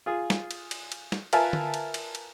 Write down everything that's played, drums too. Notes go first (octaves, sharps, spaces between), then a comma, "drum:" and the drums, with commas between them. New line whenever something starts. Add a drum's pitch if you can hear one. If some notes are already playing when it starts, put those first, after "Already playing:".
F4 G#4
drum: snare
drum: cymbal
drum: cymbal
drum: cymbal
drum: snare
F4 A#4 B4 E5 G#5 A5, drum: cymbal
drum: tom D3
drum: cymbal
drum: cymbal
drum: cymbal